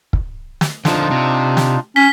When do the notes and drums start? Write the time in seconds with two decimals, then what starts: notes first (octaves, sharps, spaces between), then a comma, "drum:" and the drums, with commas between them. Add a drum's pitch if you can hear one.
0.13 drum: kick
0.61 drum: snare
0.85 D3 F3 D4 D#4 F4, drum: snare
1.11 C3
1.57 drum: snare
1.96 C#4 B6 G7